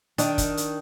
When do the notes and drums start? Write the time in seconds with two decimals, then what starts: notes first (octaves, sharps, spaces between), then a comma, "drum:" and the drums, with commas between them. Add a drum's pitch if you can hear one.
0.18 D#3 D4, drum: hi-hat
0.38 drum: kick, hi-hat
0.57 drum: hi-hat